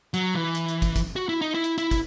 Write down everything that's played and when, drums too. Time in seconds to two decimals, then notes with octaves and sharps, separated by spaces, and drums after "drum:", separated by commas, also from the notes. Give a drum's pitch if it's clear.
0.14 F#3, drum: hi-hat
0.35 E3
0.55 drum: hi-hat
0.68 drum: hi-hat
0.82 drum: kick, hi-hat
0.96 drum: kick, hi-hat
1.16 F#4
1.29 E4
1.41 D#4
1.54 E4
1.64 drum: hi-hat
1.78 E4, drum: hi-hat
1.91 drum: kick, hi-hat